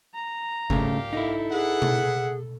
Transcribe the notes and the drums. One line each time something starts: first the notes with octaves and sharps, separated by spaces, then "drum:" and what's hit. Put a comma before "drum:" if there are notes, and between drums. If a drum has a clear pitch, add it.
A#5
A#2 C#3 A3 G4 F5, drum: kick G1
D#4 E4 A4
G#4 B4 E5 F#5
drum: tom B2